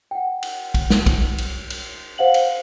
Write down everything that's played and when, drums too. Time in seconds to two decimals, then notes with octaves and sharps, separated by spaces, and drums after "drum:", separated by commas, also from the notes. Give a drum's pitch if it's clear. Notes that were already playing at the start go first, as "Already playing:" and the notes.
0.11 F#5 G5
0.43 drum: cymbal
0.74 drum: kick, cymbal
0.90 drum: snare
1.06 drum: kick, cymbal
1.38 drum: cymbal
1.70 drum: cymbal
2.18 C5 F5 F#5 F#7
2.34 drum: cymbal